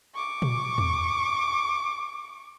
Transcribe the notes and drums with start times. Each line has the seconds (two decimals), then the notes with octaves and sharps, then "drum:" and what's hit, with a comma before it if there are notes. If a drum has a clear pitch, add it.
0.15 C#6 D6
0.42 drum: tom A#2
0.78 drum: tom E2